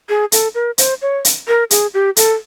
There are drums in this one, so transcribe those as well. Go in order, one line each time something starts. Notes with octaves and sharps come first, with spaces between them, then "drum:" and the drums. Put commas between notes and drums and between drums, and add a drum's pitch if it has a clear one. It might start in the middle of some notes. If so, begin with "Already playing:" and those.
G#4
A4, drum: hi-hat
A#4
C5, drum: hi-hat
C#5
drum: hi-hat
A#4
G#4, drum: hi-hat
G4
A4, drum: hi-hat